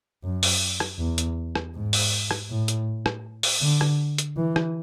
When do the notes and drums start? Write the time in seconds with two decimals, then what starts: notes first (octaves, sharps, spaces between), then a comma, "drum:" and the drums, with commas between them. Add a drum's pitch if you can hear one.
0.24 F#2
0.43 drum: open hi-hat
0.80 drum: rim click
0.99 E2
1.18 drum: hi-hat
1.55 drum: rim click
1.74 G#2
1.93 drum: open hi-hat
2.31 drum: rim click
2.50 A2
2.68 drum: hi-hat
3.06 drum: rim click
3.43 drum: open hi-hat
3.62 D3
3.81 drum: rim click
4.18 drum: hi-hat
4.37 E3
4.56 drum: rim click